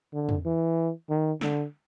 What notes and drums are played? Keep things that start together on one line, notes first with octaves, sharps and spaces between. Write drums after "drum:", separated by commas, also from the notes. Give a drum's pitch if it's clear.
D3
drum: tom
E3
D#3
D3, drum: snare